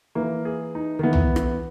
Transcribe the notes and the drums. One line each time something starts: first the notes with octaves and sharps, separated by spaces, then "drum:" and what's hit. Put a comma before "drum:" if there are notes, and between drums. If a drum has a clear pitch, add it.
E3 A#3
G#4
D#4
D#3
E3 B3
drum: tom C2
drum: rim click